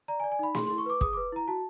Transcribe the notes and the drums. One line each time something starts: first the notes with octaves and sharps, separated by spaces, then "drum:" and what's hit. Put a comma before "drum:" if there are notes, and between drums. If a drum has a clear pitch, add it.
D5 A#5
G#5
D5
G#5
D#4 B5
G#4 C6, drum: snare
E4 C6
C#6
B4 D6
G#4 D#6, drum: kick
B4 D6
E4 A#5
F#4 A5